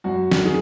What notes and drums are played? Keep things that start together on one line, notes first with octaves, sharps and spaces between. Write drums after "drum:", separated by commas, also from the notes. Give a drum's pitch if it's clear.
F#2 F#4
drum: snare
D#3 G#4